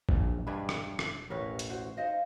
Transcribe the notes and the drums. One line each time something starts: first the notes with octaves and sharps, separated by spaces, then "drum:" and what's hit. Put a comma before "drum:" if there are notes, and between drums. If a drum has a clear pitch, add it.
E1 A#1 E3 F#3, drum: kick G#1
G2 D4 D#5 G#5 B5
drum: rim click
drum: rim click
A1 A#4 B4 C#5
drum: hi-hat
F#4 C5
D#4 C5 D#5 F5